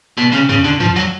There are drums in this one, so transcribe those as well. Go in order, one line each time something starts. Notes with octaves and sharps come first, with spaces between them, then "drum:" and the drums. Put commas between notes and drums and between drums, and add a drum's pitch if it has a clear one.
B2
C#3
C#3, drum: tom
D3
F3, drum: tom
F#3